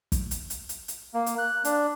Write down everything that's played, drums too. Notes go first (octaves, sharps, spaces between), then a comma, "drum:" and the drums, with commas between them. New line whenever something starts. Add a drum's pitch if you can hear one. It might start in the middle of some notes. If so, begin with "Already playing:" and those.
drum: kick, hi-hat
drum: hi-hat
drum: hi-hat
drum: hi-hat
drum: hi-hat
A#3
drum: hi-hat
F#6
D4, drum: hi-hat